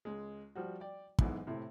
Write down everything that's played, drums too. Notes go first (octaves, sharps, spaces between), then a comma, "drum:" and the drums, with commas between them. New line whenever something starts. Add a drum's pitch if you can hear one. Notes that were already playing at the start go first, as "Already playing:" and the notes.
C#2 G#3
F3 G3 F#4
D5 G5
B1 G#2 E3 B3, drum: kick
A2 C3 E4